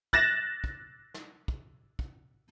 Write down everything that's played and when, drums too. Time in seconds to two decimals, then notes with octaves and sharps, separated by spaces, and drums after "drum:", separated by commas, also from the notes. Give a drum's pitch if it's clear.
0.13 F#6 A6 A#6 E7, drum: kick
0.64 drum: kick
1.14 drum: snare
1.48 drum: kick
1.99 drum: kick